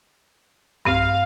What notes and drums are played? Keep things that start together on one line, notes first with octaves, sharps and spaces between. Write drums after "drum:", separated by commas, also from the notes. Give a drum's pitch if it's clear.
G2 C4 F5 B5, drum: kick